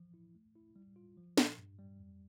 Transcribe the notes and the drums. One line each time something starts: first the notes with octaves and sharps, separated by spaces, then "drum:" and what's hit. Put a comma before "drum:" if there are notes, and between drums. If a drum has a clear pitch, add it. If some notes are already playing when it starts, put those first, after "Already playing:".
Already playing: E3 F3
E4
A3
E4
G3
F4
F3
A#2, drum: snare
G2
G3
F2